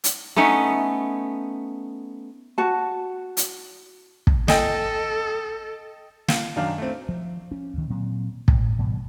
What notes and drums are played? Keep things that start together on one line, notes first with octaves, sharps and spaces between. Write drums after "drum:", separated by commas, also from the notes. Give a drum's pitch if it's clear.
drum: hi-hat
A3 B3 C#4 D#4
F#4 A5
drum: hi-hat
drum: kick
A4 D#5 G5, drum: snare
F5, drum: snare
F#2 D#3 D4 F5
A3 C4
F3
C#4
D2 D#3
A#2 F#3 C4
A2, drum: kick
G#2 B2 E3 G3